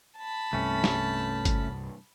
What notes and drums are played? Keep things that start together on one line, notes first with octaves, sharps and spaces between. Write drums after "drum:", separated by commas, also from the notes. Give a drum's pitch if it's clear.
A5 B5
C2 G2 C3 A3 C#4
drum: snare
drum: kick, hi-hat